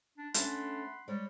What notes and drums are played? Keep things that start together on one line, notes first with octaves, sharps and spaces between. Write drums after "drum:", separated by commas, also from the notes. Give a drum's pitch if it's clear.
D4
A3 C#4 D4 F#5 B5 C6, drum: hi-hat
G3 G#3 C#5